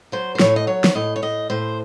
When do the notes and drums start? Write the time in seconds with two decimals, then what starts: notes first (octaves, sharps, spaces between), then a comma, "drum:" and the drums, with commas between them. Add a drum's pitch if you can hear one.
0.12 F#3 C5
0.35 C5
0.40 A2 C#5, drum: snare
0.56 D#5
0.67 F#3 C#5
0.84 drum: snare
0.95 A2 D#5
1.16 C#5
1.22 A2 D#5
1.50 A2 C5